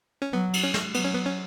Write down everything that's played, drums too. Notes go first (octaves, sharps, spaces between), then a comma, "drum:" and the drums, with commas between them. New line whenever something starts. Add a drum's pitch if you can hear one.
C#4
F#3 B3
drum: cymbal
C#4
drum: snare
F#3 B3, drum: cymbal
C#4
B3
C#4